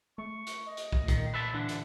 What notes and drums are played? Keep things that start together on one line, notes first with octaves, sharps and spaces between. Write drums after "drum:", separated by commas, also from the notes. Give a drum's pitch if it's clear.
A3 C#6
drum: hi-hat
D#5
drum: hi-hat
drum: kick
A#2 D#3, drum: kick, hi-hat
B4 E5 A5
D3 E3 D4
drum: hi-hat